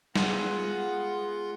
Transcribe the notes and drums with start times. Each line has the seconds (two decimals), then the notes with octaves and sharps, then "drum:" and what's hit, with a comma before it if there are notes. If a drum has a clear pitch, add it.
0.16 G#3 B3 F4 F#5, drum: snare